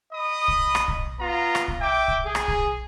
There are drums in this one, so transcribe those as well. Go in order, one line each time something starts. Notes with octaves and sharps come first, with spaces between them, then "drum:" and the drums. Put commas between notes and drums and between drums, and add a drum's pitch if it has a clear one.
D#5 B5 D#6
drum: kick
drum: rim click
drum: kick
B3 F4 A#5
drum: rim click
drum: kick
E5 G5 D6
drum: kick
G#4
drum: rim click
drum: kick